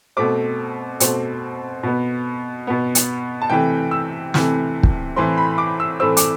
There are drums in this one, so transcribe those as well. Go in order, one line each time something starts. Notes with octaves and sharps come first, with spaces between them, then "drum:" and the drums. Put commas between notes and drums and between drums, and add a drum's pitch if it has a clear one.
B2 A3 C4 D6
B2 A3 C4, drum: hi-hat
B2 B3
B2 B3
drum: hi-hat
A5
C3 E3 A3 G5
E6
C3 E3 A3, drum: snare
drum: kick
A2 E3 A3 C4 C6
B5
D6
E6
A2 E3 A3 C4 E6
D6, drum: hi-hat